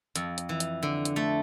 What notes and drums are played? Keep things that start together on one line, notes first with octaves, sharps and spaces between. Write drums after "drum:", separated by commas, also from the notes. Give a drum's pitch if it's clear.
F2, drum: hi-hat
drum: hi-hat
E3
drum: hi-hat
D3
drum: hi-hat
A3